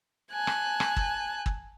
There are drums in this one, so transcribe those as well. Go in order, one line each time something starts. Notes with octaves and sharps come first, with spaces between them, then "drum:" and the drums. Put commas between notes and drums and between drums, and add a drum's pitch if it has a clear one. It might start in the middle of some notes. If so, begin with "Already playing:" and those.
G#5 A5 F#6
drum: rim click
drum: rim click
drum: kick
drum: kick